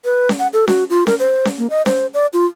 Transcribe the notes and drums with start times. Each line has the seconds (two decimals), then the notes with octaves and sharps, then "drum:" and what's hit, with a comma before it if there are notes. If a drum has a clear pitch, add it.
0.05 B4
0.29 drum: snare C#4
0.39 F#5
0.53 A4
0.68 F#4, drum: snare C#4
0.90 F4
1.07 A#4, drum: snare C#4
1.19 C5
1.45 drum: snare C#4
1.58 A#3
1.70 D#5
1.86 C5, drum: snare C#4
2.14 D5
2.33 F4